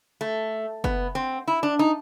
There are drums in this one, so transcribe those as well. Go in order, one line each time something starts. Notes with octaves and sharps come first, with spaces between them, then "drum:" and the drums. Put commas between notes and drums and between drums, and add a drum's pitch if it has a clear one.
A3
B3, drum: kick
C4
E4
D4
D#4